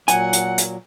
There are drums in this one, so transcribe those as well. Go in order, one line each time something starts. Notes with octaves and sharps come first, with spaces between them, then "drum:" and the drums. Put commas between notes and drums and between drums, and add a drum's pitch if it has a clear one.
A#2 F#3 F#5 G#5, drum: hi-hat
drum: hi-hat
drum: hi-hat